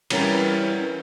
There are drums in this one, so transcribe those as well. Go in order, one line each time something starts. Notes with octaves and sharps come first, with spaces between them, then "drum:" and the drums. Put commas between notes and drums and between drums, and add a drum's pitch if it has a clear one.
E3 G3 B3 C#4 A#4, drum: cymbal